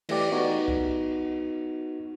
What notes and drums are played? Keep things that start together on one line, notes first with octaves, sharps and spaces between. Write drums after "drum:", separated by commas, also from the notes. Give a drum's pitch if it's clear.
E3 A3 G4 D5, drum: cymbal
B3 D#4 F#4
drum: kick C2